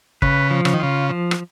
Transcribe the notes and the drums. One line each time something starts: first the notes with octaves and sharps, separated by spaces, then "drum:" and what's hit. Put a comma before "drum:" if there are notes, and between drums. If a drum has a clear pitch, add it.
C#3 B4, drum: kick
F3
C#3, drum: rim click
D#3
C#3 F4
F3
drum: rim click